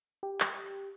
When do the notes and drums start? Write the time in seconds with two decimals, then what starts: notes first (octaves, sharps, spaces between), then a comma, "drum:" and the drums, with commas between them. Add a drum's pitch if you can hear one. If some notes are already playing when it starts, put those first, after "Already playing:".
0.23 G4
0.40 drum: clap